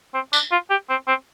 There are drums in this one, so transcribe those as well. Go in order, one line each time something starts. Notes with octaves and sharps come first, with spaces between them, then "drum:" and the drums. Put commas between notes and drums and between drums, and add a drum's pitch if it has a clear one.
C4
D4, drum: tambourine
F4
G4
C4
C4